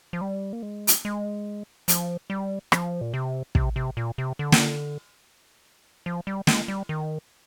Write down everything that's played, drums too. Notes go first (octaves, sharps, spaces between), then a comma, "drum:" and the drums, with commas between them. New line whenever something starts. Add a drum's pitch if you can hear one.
F3
G3
A#3
G#3
drum: hi-hat
G#3
F3, drum: hi-hat
G3
F3, drum: rim click
A#2
C3
C3, drum: kick
C3
A#2
C3
D3
drum: snare
F3
G3
G#3, drum: snare
G3
D#3